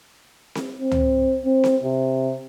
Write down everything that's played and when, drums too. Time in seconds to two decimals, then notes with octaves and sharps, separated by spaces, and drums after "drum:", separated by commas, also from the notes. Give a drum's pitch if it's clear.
0.55 drum: snare C4
0.82 C4
0.91 drum: tom C#2
1.46 C4
1.64 drum: snare C4
1.84 C3